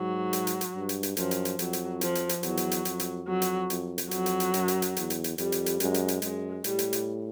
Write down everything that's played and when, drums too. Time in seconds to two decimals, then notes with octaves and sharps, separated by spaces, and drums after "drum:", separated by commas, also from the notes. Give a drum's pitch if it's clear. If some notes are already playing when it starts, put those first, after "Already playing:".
Already playing: G#2 F#3
0.33 drum: hi-hat
0.47 drum: hi-hat
0.61 drum: hi-hat
0.75 G2
0.89 drum: hi-hat
1.03 drum: hi-hat
1.17 F#2 F3, drum: hi-hat
1.31 drum: hi-hat
1.45 drum: hi-hat
1.59 F2 F#3, drum: hi-hat
1.73 drum: hi-hat
2.01 F3, drum: hi-hat
2.15 drum: hi-hat
2.29 drum: hi-hat
2.43 E2 F#3, drum: hi-hat
2.57 drum: hi-hat
2.71 drum: hi-hat
2.85 F2, drum: hi-hat
3.00 drum: hi-hat
3.27 F2 F#3
3.42 drum: hi-hat
3.70 F2, drum: hi-hat
3.98 drum: hi-hat
4.11 F2 F#3, drum: hi-hat
4.26 drum: hi-hat
4.40 drum: hi-hat
4.54 F#2, drum: hi-hat
4.68 drum: hi-hat
4.82 drum: hi-hat
4.96 E2, drum: hi-hat
5.10 drum: hi-hat
5.24 drum: hi-hat
5.38 F2 G3, drum: hi-hat
5.52 drum: hi-hat
5.66 drum: hi-hat
5.80 F#2 G#3, drum: hi-hat
5.94 drum: hi-hat
6.08 drum: hi-hat
6.22 F#2 G#3, drum: hi-hat
6.64 A2 G3, drum: hi-hat
6.79 drum: hi-hat
6.93 drum: hi-hat